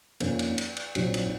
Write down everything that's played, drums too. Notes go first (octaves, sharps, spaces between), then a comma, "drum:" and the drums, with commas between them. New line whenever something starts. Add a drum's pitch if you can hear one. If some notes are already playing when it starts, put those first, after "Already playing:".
F2 D#3 A#3 C#4, drum: cymbal
drum: cymbal
drum: cymbal
drum: cymbal
A#1 G#2 F#3 C4 F#4, drum: cymbal
drum: cymbal